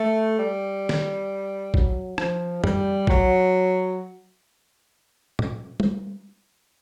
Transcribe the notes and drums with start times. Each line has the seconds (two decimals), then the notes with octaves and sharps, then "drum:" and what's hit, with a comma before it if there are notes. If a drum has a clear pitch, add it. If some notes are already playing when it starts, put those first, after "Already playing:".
Already playing: A3
0.38 G3
0.89 drum: snare
1.74 F#3, drum: kick A#1
2.18 F3, drum: rim click
2.64 G3, drum: tom
3.07 F#3, drum: kick A#1
5.39 drum: tom A#2
5.80 drum: tom G3